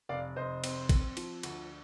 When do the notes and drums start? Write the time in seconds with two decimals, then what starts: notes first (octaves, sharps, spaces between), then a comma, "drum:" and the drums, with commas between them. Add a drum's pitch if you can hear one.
0.09 F1 D5 F5
0.36 F1 C5 D#5
0.64 C4, drum: cymbal
0.89 C4, drum: kick, cymbal
1.17 F3, drum: cymbal
1.43 D2, drum: cymbal